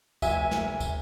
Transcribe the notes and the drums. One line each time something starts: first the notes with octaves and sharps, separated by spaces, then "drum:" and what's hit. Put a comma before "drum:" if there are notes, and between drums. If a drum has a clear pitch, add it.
F1 E5 G#5, drum: kick, tambourine
drum: snare
drum: kick, tambourine